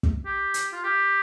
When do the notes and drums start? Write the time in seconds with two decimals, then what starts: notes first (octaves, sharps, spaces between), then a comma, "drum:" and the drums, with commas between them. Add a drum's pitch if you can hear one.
0.03 drum: kick
0.26 G4
0.54 drum: hi-hat
0.73 F4
0.83 G4